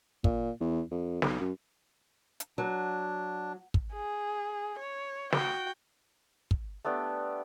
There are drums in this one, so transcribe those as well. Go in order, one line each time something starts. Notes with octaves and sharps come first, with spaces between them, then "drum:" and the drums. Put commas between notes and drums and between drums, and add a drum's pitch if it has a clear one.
A#2, drum: kick
E2
F2
B1, drum: snare
F#2
drum: hi-hat
F#3 D4
drum: kick
G#4
C#5
F#4 G5, drum: snare
drum: kick
A3 B3 D4 G4